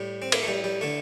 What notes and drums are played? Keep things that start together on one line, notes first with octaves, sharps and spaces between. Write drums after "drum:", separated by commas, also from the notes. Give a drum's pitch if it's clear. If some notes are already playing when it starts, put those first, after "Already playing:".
Already playing: A2 G3
C4
A#3, drum: cymbal
A3
G3
G3
D3 A3